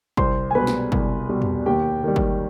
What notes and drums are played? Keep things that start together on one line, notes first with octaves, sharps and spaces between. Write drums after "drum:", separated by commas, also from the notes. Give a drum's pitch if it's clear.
C2 C5 C6, drum: kick
G#5
B2 G3 B4 B5
drum: snare
C2, drum: kick
B2 G3
drum: tom E2
D#2 G4 G5
D#3 G3
drum: kick